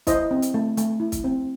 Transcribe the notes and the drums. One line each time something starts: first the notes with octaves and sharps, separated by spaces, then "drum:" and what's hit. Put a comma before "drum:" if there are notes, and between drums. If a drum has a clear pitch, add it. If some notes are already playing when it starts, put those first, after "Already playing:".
E4 C5 D#5, drum: kick, hi-hat
C4
drum: hi-hat
A3
A3, drum: hi-hat
E4
drum: kick, hi-hat
C4